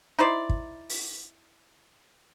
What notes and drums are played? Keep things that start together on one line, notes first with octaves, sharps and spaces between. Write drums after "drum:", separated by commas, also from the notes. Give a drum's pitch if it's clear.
D#4 E4 C5 D5
drum: kick
drum: open hi-hat